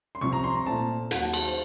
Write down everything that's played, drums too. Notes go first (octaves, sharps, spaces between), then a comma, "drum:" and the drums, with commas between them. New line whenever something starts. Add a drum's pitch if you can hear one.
C6
C2 C3 F3 C#6
A#5
C6
A#5
A#2 A3 C4 A5
D#2 D#3 F#3 F#5, drum: hi-hat
A5
A5, drum: cymbal
C5